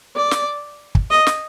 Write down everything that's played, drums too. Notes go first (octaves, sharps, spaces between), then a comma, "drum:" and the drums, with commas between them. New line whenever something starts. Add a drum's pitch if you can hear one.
D5
drum: snare
drum: kick
D#5
drum: snare